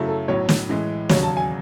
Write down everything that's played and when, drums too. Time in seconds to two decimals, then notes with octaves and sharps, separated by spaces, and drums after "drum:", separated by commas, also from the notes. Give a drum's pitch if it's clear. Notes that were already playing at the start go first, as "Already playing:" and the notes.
Already playing: F#2 C#3 F#3 A3 E4
0.08 A4
0.28 B1 A2 F#3 C#5
0.49 drum: snare
0.69 A2 E3 G#3
1.09 E1 D#2 C#3 F#3 C#5, drum: snare
1.23 A5
1.37 G#5